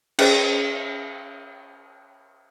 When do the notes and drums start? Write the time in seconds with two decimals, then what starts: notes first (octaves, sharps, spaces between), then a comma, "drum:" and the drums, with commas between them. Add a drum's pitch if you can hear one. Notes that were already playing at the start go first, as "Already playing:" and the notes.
0.19 C#4 G#4 B4 C5 D#5, drum: cymbal